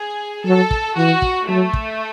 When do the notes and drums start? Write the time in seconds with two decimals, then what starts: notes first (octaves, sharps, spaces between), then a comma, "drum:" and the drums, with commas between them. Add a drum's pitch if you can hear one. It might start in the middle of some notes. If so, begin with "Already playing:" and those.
Already playing: G#4
0.45 F#3 A4
0.71 drum: kick
0.96 E3 F#4
1.22 drum: kick
1.47 F#3 A3
1.73 drum: kick